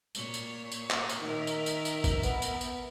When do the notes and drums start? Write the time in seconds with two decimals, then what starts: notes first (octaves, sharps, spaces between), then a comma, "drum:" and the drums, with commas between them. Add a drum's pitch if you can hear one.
0.15 A#2 C#5, drum: tambourine
0.34 drum: tambourine
0.72 drum: tambourine
0.90 drum: clap
1.09 drum: tambourine
1.22 D#3 A#4 E5
1.47 drum: tambourine
1.66 drum: tambourine
1.85 drum: tambourine
2.04 drum: kick, tambourine
2.23 B3, drum: tambourine
2.42 drum: tambourine
2.61 drum: tambourine